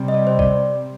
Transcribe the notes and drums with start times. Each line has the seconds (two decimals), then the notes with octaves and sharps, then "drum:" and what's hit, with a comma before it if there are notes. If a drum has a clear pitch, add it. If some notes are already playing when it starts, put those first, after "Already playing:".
Already playing: C3 G3 C4
0.08 D#5
0.14 D5
0.27 C5
0.39 D5, drum: kick